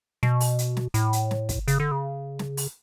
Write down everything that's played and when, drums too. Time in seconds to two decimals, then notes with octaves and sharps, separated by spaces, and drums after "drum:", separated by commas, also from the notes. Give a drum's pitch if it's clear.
0.23 B2, drum: snare
0.40 drum: open hi-hat
0.59 drum: hi-hat
0.77 drum: snare
0.94 A2, drum: hi-hat
1.13 drum: hi-hat
1.31 drum: snare
1.49 drum: kick, hi-hat
1.68 C#3, drum: hi-hat
1.80 D3
1.91 C#3
2.39 drum: snare
2.57 drum: open hi-hat